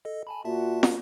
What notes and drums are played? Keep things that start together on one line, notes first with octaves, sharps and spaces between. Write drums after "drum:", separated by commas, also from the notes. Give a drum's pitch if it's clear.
A4 D#5
G#5 A5 B5
A#2 F4 F#4 E5 A5
drum: snare